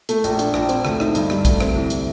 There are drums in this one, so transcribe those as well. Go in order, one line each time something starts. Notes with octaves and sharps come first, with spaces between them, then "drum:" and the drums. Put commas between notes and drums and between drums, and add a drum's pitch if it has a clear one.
A3, drum: hi-hat
A#1, drum: hi-hat
D4, drum: hi-hat
A#1, drum: rim click
C4, drum: hi-hat
D2, drum: rim click
D#4, drum: rim click
G2, drum: hi-hat
G3, drum: rim click
D2, drum: kick, hi-hat
C4, drum: rim click
C2
drum: hi-hat